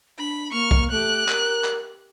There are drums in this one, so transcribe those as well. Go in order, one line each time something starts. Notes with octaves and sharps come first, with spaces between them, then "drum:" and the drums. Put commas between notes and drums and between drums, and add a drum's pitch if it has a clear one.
D4 B5
A#3 C#6 F6
drum: kick
A3 G4 F#6
A#4, drum: clap
drum: clap